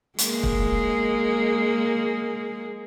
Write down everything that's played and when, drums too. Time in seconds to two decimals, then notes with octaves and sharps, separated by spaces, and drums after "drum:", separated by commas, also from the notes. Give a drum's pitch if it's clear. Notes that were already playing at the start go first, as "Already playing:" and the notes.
0.18 G#3 A#3 G#4, drum: hi-hat
0.43 drum: kick